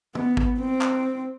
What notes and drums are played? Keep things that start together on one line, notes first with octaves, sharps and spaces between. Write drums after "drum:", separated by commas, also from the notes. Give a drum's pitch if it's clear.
B3, drum: tom
drum: kick
C4
drum: clap